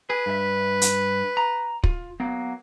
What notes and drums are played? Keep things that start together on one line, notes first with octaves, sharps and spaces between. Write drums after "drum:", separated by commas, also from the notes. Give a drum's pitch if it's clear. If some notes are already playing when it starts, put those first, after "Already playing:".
G#4 B4
G2 E5
drum: hi-hat
A#5
F4, drum: kick
F#3 A#3 B3